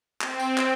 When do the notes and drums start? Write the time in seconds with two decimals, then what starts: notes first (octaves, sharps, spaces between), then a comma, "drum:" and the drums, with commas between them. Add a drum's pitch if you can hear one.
0.21 C4, drum: clap
0.39 drum: tambourine
0.58 drum: clap